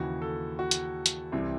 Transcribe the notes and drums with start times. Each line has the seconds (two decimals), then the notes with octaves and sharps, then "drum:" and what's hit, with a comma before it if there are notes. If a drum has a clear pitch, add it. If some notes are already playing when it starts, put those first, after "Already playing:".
Already playing: D#2 C#3 E3 F#4
0.22 A4
0.59 F#4
0.71 drum: hi-hat
1.06 drum: hi-hat
1.32 C2 C3 E3